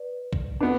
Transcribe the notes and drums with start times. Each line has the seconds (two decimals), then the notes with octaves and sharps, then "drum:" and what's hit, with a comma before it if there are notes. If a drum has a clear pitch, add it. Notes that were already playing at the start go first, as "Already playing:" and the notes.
Already playing: B4 D5
0.33 drum: kick A#1
0.61 B3 D4 B4